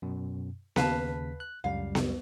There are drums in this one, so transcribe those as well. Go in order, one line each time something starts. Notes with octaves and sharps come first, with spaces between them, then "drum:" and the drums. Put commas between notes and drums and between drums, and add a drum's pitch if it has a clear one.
F#2 B2
D#2 C#3 B4 F5 A5 B6, drum: snare B3
F#6
C#2 F#2 G3 F5
drum: snare B3